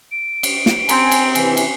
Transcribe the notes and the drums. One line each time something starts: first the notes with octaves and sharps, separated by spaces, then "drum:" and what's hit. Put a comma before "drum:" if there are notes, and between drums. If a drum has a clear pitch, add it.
D7
drum: cymbal
drum: snare
C4 G#5 A#5 C6 G6, drum: cymbal
drum: cymbal
D#2 C3 E3 G#5, drum: cymbal
drum: cymbal